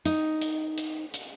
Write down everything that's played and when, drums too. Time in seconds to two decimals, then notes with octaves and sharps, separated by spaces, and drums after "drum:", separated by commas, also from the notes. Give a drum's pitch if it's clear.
0.05 D#4, drum: hi-hat
0.42 drum: hi-hat
0.78 drum: hi-hat
1.14 drum: hi-hat